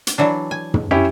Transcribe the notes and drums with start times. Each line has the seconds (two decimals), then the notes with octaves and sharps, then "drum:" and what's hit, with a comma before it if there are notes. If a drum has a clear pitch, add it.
0.07 drum: hi-hat
0.18 E3 F#3 D4
0.51 G#5
0.74 drum: tom
0.91 C#4 E4 G4